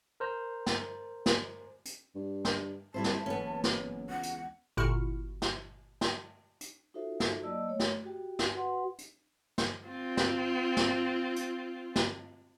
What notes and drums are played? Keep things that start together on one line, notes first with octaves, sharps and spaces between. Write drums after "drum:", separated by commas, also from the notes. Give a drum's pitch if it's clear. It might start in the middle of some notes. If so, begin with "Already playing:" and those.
A#4 C5 A#5
drum: snare
drum: snare
drum: hi-hat
G2
drum: snare
F2 G3 E4 C5 A5
drum: snare
F#1 E2 B3 C#4
drum: snare
C#2 F#5
drum: hi-hat
G1 A#2 E4 F#4 F6 C#7
drum: snare
drum: snare
drum: hi-hat
D#4 F4 F#4 A4 C5 E5
drum: snare
F#3 A#3 D5 D#5 A5 E6
A3 C#5
drum: snare
F#4 G4 G5
drum: snare
F#4 B4 F#5 C6
drum: hi-hat
drum: snare
C4 F4
drum: snare
drum: snare
drum: hi-hat
drum: snare